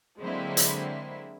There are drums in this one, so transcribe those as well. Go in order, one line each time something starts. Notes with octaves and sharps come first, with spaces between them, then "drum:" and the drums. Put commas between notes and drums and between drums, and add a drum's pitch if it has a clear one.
D3 F#3 G#3 A#3 C4 E4
drum: hi-hat